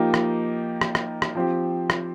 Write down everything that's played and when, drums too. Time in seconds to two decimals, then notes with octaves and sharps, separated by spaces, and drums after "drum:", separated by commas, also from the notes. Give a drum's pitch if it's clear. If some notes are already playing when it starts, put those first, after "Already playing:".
Already playing: F3 A#3 D#4 G4
0.14 drum: rim click
0.81 drum: rim click
0.95 drum: rim click
1.22 drum: rim click
1.35 F3 C4 G4
1.90 drum: rim click